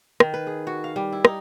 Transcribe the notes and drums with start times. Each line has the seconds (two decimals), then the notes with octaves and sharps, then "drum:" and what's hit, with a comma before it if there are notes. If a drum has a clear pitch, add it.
0.20 D#3, drum: rim click
0.34 B4
0.47 G#4
0.67 F#4
0.84 F5
0.96 G3
1.12 E4
1.25 D#4, drum: rim click